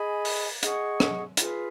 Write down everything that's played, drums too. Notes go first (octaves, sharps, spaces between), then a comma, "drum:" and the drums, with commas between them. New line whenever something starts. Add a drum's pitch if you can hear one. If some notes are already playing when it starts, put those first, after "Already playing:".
Already playing: G#4 D#5 G#5 B5
drum: open hi-hat
G#4 D#5 F#5 C#6, drum: hi-hat
drum: rim click
F4 G#4 B4, drum: hi-hat